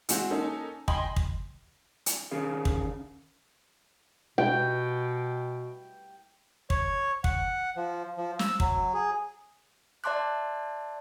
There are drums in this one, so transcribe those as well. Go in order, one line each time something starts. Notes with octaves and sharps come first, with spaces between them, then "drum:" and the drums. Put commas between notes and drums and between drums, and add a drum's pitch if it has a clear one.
E3 G#3 C4 F#4, drum: hi-hat
A#3 C#4 D#4 A4
D#5 G5 G#5 B5 C6, drum: kick
drum: kick
drum: hi-hat
D#3 C#4 G#4 F5
drum: kick
B2 G5
C#5, drum: kick
F#5, drum: kick
F3
F3
E6, drum: snare
F#3, drum: kick
G#4
D5 E5 A5 C6 D6 F#6